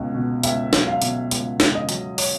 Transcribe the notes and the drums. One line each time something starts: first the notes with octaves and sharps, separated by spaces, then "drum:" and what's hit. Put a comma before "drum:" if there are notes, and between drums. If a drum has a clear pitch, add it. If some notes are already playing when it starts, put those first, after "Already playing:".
Already playing: C#2 B2
B2
C#2 E5, drum: hi-hat
F#3, drum: snare
F5
B2, drum: hi-hat
C#2, drum: hi-hat
C#2, drum: snare
D#5
F#3, drum: hi-hat
C#5, drum: open hi-hat